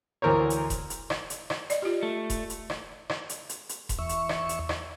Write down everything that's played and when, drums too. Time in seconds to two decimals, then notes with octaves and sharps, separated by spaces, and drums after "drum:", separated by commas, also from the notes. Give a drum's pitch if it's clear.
0.22 D2 E3 A#4 C5 C#5
0.50 drum: hi-hat
0.70 drum: kick E1, hi-hat
0.90 drum: hi-hat
1.10 drum: rim click
1.30 drum: hi-hat
1.50 drum: rim click
1.70 D5 D#5, drum: hi-hat
1.82 F4 G4
2.03 A3
2.30 drum: kick E1, hi-hat
2.50 drum: hi-hat
2.70 drum: rim click
3.09 drum: rim click
3.29 drum: hi-hat
3.49 drum: hi-hat
3.69 drum: hi-hat
3.89 drum: kick E1, hi-hat
3.99 E2 E5 C#6
4.09 drum: hi-hat
4.29 drum: rim click
4.49 drum: hi-hat
4.69 drum: rim click